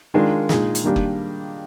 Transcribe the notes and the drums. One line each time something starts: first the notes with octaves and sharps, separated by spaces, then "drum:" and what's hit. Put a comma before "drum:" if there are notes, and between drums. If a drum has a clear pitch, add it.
D#3 G#3 D4 F4 A#4
A#2 G#3 D#4 G#4, drum: snare
drum: hi-hat
D#3 G3 A#3 D4 G4
drum: kick F#1